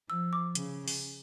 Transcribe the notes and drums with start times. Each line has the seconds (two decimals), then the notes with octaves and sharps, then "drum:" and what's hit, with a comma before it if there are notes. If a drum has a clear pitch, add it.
0.09 F3 E6
0.33 D6
0.55 C#3, drum: hi-hat
0.88 drum: open hi-hat